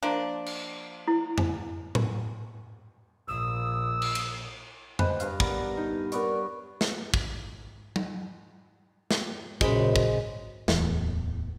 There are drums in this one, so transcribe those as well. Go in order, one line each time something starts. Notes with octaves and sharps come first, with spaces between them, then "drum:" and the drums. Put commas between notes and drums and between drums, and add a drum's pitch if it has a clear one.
F3 A#3 D4
drum: cymbal
E4
drum: tom F2
drum: tom A2
A#1 D#6 E6
drum: cymbal
drum: cymbal
B4 C5 D#5, drum: tom F2
G2 F5, drum: hi-hat
B3 A#4 D5, drum: kick
D#4
B3 A#4 C#5 D5, drum: hi-hat
drum: snare
drum: kick
drum: tom F#3
drum: snare
F#2 A#2 C#3 G#3 C5 B5, drum: kick
drum: kick
D1 E2, drum: snare